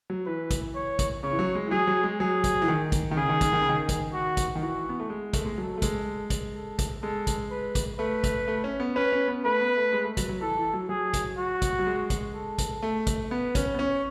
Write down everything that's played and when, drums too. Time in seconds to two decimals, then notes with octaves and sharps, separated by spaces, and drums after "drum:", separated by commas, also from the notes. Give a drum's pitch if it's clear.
0.10 F#3
0.26 E3 B4
0.51 drum: kick, hi-hat
0.75 C#5
0.99 drum: kick, hi-hat
1.23 C#3 C#5
1.31 E3
1.39 F#3
1.55 G#3
1.67 E3
1.71 F#3 G#4
1.87 F#3
2.03 G#3
2.19 F#3 G#4
2.44 drum: kick, hi-hat
2.62 E3
2.68 D#3
2.92 drum: kick, hi-hat
3.11 D#3
3.17 C#3 G#4
3.29 D#3
3.41 D#3, drum: kick, hi-hat
3.53 D#3
3.61 C#3
3.69 D#3
3.89 drum: kick, hi-hat
4.13 F#4
4.37 drum: kick, hi-hat
4.56 D#3
4.61 E3 F#4
4.89 B3
5.00 A3
5.10 G#3
5.33 A3, drum: kick, hi-hat
5.46 G#3
5.58 F#3 A4
5.78 A3
5.82 G#3, drum: kick, hi-hat
6.30 drum: kick, hi-hat
6.55 A4
6.79 drum: kick, hi-hat
7.02 G#3 A4
7.27 drum: kick, hi-hat
7.51 B4
7.75 drum: kick, hi-hat
7.99 A3 B4
8.24 drum: kick, hi-hat
8.48 A3
8.64 C#4
8.80 B3
8.96 C#4 B4
9.12 C#4
9.28 B3
9.45 A3 B4
9.60 B3
9.77 A3
9.92 G#3
10.04 A3
10.17 F#3, drum: kick, hi-hat
10.29 F#3
10.41 E3 A4
10.57 E3
10.73 F#3
10.89 F#3 G#4
11.13 drum: kick, hi-hat
11.38 F#4
11.62 drum: kick, hi-hat
11.79 F#3
11.87 G#3
12.10 drum: kick, hi-hat
12.34 A4
12.58 drum: kick, hi-hat
12.83 A3
13.07 drum: kick, hi-hat
13.31 B3 B4
13.55 C#4, drum: kick, hi-hat
13.74 B3
13.79 C#4 C#5